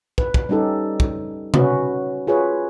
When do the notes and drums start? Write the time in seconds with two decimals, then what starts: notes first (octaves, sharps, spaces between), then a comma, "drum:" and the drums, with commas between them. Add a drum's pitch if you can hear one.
0.18 B4, drum: kick
0.34 drum: kick
0.49 G3 C#4 D#4 G4 A4
1.00 drum: kick
1.54 C#4 F#4 B4, drum: tom C3
2.27 F4 G#4 B4 C#5